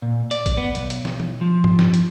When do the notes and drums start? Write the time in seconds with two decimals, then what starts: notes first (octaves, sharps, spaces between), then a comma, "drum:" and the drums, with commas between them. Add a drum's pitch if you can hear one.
0.02 A#2
0.31 D5, drum: hi-hat
0.46 drum: kick A1, hi-hat
0.57 B3
0.75 B1, drum: hi-hat
0.90 drum: hi-hat
1.05 drum: snare
1.20 drum: tom
1.41 F3
1.64 drum: tom G2
1.79 drum: snare
1.94 drum: hi-hat